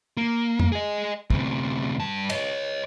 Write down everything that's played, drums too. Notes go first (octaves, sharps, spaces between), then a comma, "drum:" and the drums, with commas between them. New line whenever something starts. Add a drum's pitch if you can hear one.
A#3
drum: tom
G#4 D#5
D2 C3, drum: kick
G2 A5
C#5 D#5, drum: cymbal